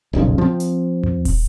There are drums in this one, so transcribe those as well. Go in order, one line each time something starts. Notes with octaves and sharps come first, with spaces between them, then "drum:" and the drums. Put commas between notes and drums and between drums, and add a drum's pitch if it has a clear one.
D#1 B1 F2 C#3
F3 C4
drum: hi-hat
drum: tom D#2
drum: kick, open hi-hat